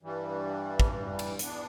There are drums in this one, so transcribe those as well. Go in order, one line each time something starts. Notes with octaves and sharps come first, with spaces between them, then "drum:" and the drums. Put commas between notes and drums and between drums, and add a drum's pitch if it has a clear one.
G2 E3 G3
drum: kick
drum: cymbal
E3 B3 D4, drum: hi-hat